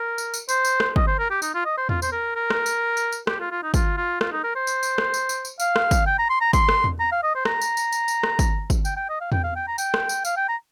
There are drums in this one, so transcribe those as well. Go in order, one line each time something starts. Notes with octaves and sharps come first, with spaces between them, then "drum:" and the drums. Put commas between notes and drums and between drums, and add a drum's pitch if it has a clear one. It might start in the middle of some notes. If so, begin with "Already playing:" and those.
Already playing: A#4
drum: tambourine
drum: tambourine
C5, drum: tambourine
drum: tambourine
drum: rim click
D#5, drum: kick
C5
A#4
G4
D#4, drum: tambourine
F4
D#5
C5
F4, drum: tom E2
C5, drum: tambourine
A#4
A#4
drum: rim click
drum: tambourine
drum: tambourine
drum: tambourine
G4, drum: rim click
F4
F4
D#4
F4, drum: kick, tambourine
F4
F4, drum: rim click
D#4
A#4
C5
drum: tambourine
drum: tambourine
drum: rim click
drum: tambourine
drum: tambourine
drum: tambourine
F5, drum: tambourine
drum: rim click
drum: kick, tambourine
G5
A#5
C6
A#5
C6, drum: kick, tambourine
drum: rim click
drum: tom E2
A#5
F5
D#5
C5
A#5, drum: rim click
drum: tambourine
drum: tambourine
drum: tambourine
drum: tambourine
drum: rim click
drum: kick, tambourine
drum: kick, tambourine
G5, drum: tambourine
G5
D#5
F5
G5, drum: tom E2
F5
G5
A#5
G5, drum: tambourine
drum: rim click
drum: tambourine
F5, drum: tambourine
G5
A#5